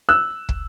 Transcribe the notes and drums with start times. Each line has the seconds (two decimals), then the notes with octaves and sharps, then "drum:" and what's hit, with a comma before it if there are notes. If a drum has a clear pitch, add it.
0.09 E6 F#6
0.49 drum: kick